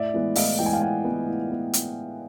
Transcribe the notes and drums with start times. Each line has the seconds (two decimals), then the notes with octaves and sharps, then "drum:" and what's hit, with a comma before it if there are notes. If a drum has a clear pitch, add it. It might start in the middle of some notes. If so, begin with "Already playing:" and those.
Already playing: A2 D5 E5
0.14 E3 G#3 B3
0.35 A2 D#5 F5, drum: open hi-hat
0.58 E3 G#3 B3 G5
0.66 G#5
0.73 F5 G5
0.81 A2 F#5 G#5
1.04 E3 G#3 B3
1.27 A2
1.50 B3
1.73 drum: hi-hat